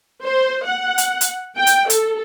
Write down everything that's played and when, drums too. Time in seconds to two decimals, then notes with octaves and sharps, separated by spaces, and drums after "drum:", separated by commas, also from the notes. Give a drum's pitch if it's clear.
0.24 C5
0.66 F#5
0.98 drum: hi-hat
1.21 drum: hi-hat
1.58 G5
1.67 drum: hi-hat
1.90 A4, drum: hi-hat